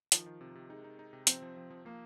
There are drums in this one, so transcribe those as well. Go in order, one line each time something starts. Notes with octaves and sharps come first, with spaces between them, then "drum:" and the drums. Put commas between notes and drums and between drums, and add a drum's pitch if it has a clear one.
D#3 F3, drum: hi-hat
D#3
C3
C3
G#3 D#4
D#4
D#4
C3
F3 C4, drum: hi-hat
F3
F3
F3
F3 A#3